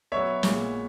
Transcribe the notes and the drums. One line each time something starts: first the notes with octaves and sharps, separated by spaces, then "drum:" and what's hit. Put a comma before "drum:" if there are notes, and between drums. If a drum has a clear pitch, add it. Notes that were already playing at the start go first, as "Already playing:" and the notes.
B2 F#3 B3 C#5 E5
A#2 G#3 B3, drum: snare